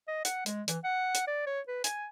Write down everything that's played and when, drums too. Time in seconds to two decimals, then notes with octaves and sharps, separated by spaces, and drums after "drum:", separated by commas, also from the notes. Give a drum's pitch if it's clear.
0.08 D#5
0.25 F#5, drum: hi-hat
0.46 G#3, drum: hi-hat
0.68 E3, drum: hi-hat
0.84 F#5
1.15 drum: hi-hat
1.27 D5
1.46 C#5
1.68 B4
1.84 G#5, drum: hi-hat